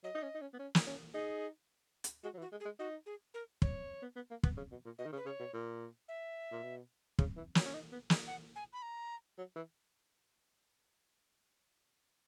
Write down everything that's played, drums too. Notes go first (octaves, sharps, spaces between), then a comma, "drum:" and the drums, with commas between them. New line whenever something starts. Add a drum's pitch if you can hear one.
F#3 D#5
D#4
C#4
D#4
C#4
B3
C#4
drum: snare
C#4
D#4 G#4
drum: hi-hat
G#3 F#4
F#3
E3
F#4
G#3
G#4
G#3
D#4 F#4
G#4
A#4
C#5, drum: kick
B3
B3
A#3
B3, drum: kick
C#3
B2
A#2
B2 D#5
D#3
C#3
B4
C#3 C#5
B2
A#2
E5
A#2
B2
C#3, drum: kick
E3
F#3, drum: snare
C#4
D#4
B3
G#3, drum: snare
F#5
G#5
B5
A#5
F#3
E3